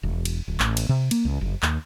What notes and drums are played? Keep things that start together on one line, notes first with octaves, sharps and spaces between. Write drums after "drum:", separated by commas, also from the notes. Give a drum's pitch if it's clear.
E1
drum: cymbal
D1
A1, drum: clap
drum: cymbal
C3
A#3, drum: cymbal
C#2
F#1
D#2, drum: clap